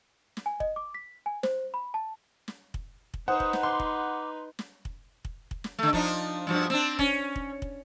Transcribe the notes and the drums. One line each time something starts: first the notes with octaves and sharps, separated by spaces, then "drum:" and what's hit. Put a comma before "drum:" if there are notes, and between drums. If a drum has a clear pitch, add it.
drum: snare
G#5
D#5, drum: kick
D6
B6
G#5
C5, drum: snare
B5
A5
drum: snare
drum: kick
drum: kick
D#4 B4 C5 F#5 D#6
drum: kick
drum: snare
C6 D6
drum: kick
drum: snare
drum: kick
drum: kick
drum: kick
drum: snare
D3 A3
F3 D4 D#4, drum: kick
G2 F3 F#4
C4 D4, drum: snare
C#4, drum: kick
drum: kick
drum: kick